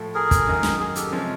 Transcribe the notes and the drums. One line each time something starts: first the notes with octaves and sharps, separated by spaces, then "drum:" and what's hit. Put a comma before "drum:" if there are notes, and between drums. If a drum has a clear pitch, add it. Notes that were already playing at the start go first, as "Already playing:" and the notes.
Already playing: A2 F3 A3
G#4 A#4
drum: kick, hi-hat
F#2 D#3 F#3 A#3
drum: snare
G#4 A#4
G4 A4, drum: hi-hat
C3 F3 G#3 C#4